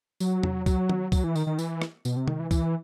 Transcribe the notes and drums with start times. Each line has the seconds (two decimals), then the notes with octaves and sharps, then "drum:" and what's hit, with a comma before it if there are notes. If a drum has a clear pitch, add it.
0.20 F#3, drum: tambourine
0.43 drum: tom E2
0.66 F#3, drum: kick, tambourine
0.89 drum: tom
1.12 F#3, drum: kick, tambourine
1.24 E3
1.35 D#3, drum: tambourine
1.47 D#3
1.59 E3, drum: tambourine
1.82 drum: rim click
2.05 B2, drum: tambourine
2.17 C3
2.28 D#3, drum: tom C3
2.40 E3
2.51 E3, drum: kick, tambourine